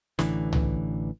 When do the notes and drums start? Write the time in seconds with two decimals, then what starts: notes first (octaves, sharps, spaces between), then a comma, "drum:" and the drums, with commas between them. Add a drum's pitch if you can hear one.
0.19 A1 D3 E3, drum: snare
0.53 drum: tom C2